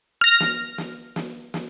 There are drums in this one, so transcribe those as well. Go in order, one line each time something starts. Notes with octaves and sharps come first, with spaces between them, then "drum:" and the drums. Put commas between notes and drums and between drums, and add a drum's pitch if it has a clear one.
F6 A#6
drum: snare
drum: snare
drum: snare
drum: snare